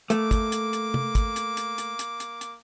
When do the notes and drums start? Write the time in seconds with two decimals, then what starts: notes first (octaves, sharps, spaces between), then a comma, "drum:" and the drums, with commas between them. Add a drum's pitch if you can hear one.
0.10 A3 A#3 D6, drum: hi-hat
0.31 drum: kick, hi-hat
0.52 drum: hi-hat
0.73 drum: hi-hat
0.94 drum: tom C3
1.15 drum: kick, hi-hat
1.36 drum: hi-hat
1.57 drum: hi-hat
1.78 drum: hi-hat
1.99 drum: hi-hat
2.20 drum: hi-hat
2.41 drum: hi-hat